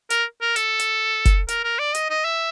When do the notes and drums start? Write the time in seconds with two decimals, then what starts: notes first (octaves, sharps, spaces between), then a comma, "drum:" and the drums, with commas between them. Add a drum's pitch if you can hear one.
0.10 A#4, drum: hi-hat
0.41 A#4
0.56 A4, drum: hi-hat
0.79 drum: hi-hat
1.25 drum: kick F#1, hi-hat
1.48 A#4, drum: hi-hat
1.64 A#4
1.79 D5
1.95 D#5, drum: hi-hat
2.10 D#5
2.25 E5